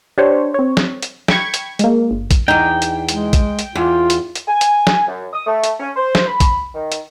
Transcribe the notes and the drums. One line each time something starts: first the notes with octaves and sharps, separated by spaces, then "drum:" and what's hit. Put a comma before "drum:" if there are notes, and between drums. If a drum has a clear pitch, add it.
D4 G4 C5 C#5
C4 C#5
drum: snare
drum: hi-hat
G5 B5 C#6 G#6, drum: snare
drum: hi-hat
G#3 A#3, drum: hi-hat
G1
drum: kick A#1, hi-hat
E2 D#4 G5
drum: hi-hat
G#3, drum: hi-hat
drum: kick A#1, hi-hat
drum: hi-hat
E2 F4
drum: hi-hat
drum: hi-hat
G#5
drum: hi-hat
drum: snare
F#2
D#6
A3
drum: hi-hat
C#4
C5
drum: snare
B5
drum: kick A#1, hi-hat
D#3
drum: hi-hat